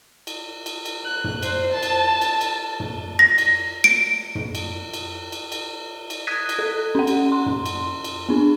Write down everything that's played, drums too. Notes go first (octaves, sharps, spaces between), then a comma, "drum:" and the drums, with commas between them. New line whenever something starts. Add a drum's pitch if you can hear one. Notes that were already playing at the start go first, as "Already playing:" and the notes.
drum: cymbal
drum: cymbal
drum: cymbal
F#6
drum: tom
C5, drum: cymbal
A5
drum: cymbal
drum: cymbal
drum: cymbal
drum: tom
A#6
drum: cymbal
D7
drum: tom
drum: cymbal
drum: cymbal
drum: cymbal
drum: cymbal
drum: cymbal
D#6 F#6 G#6 A#6 B6 D#7
drum: cymbal
A4
C#4 F#5
drum: cymbal
C6
drum: tom
drum: cymbal
drum: cymbal
B3 D4